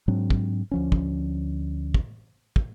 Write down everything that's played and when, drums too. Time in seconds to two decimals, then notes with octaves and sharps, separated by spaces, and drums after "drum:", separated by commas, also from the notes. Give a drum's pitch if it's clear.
0.08 G#2 F#3 C4 D4
0.30 drum: kick
0.71 D2 F3 C#4
0.92 drum: kick
1.94 drum: kick
2.56 drum: kick